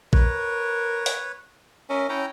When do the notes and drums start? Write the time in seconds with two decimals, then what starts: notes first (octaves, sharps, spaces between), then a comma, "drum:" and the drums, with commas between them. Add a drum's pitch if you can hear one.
0.13 A#4 B4 C#5, drum: kick A#1
1.06 drum: open hi-hat
1.90 C#4 A#4 D#5 E5
2.09 C#4 E4 G5 A#5